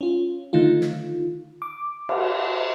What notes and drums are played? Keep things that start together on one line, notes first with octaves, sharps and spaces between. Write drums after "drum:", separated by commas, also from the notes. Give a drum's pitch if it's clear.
C#4 F4
D3 D#3 A3 D#4 F4
drum: snare
D6
drum: cymbal